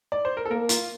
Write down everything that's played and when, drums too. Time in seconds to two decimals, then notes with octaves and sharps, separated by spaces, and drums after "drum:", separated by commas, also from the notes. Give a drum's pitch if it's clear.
0.12 D5
0.25 C5
0.37 A#4
0.45 A4
0.51 A#3 A#4
0.69 F4, drum: hi-hat